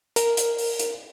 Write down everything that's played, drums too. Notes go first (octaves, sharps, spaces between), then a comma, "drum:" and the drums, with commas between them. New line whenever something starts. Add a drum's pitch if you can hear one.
A#4, drum: hi-hat
drum: hi-hat
drum: open hi-hat
drum: hi-hat